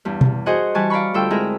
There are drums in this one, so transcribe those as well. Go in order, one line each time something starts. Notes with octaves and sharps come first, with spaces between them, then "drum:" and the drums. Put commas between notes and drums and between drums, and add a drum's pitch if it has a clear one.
E2 G2
drum: tom B2
F#4 G#4 C5 D#5 F#5 G#5
E3 G3 G#5 A5 C#6 F#6
D5 F5 A#5 B5 C#6
D2 G3 F4 A4 G5 E6
G#3 C4 E4 G#4 A#4 E5